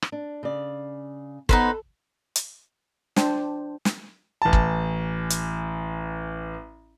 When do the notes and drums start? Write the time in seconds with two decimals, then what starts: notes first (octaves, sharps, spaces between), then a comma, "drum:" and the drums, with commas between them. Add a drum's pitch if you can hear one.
0.02 drum: rim click
0.12 D4
0.43 C#3 D5
1.49 B3 D#4 A4 B4 C5, drum: kick
2.36 drum: hi-hat
3.16 D4 C5 G5 A5, drum: snare
3.85 drum: snare
4.42 A1 A5
4.53 drum: kick
5.30 drum: hi-hat